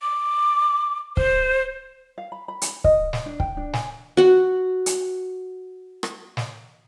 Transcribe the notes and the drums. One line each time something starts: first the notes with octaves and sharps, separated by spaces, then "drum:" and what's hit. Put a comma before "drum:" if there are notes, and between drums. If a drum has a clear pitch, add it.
D6
C5, drum: kick
F5
B5
B5
drum: hi-hat
D#5, drum: kick
D#5, drum: snare
D4
G5, drum: kick
D4
G#5, drum: snare
F#4 F#5
drum: hi-hat
drum: rim click
drum: snare